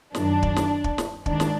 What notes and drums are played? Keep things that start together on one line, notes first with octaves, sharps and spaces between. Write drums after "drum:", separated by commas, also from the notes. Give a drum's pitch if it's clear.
F#2 D#3 D4, drum: snare
drum: kick
drum: snare
drum: kick
drum: snare
G#2 D#3 D4, drum: kick
drum: snare